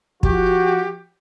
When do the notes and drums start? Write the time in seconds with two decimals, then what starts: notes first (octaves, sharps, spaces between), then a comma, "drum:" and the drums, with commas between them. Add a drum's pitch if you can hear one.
0.23 F3 F#4 G4, drum: kick